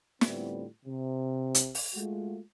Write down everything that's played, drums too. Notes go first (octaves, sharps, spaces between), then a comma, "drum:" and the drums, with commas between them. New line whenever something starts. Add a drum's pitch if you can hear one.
A2 D3 G3 B3 C4 F4, drum: snare
C3
drum: hi-hat
drum: open hi-hat
G#3 A3 F4 F#4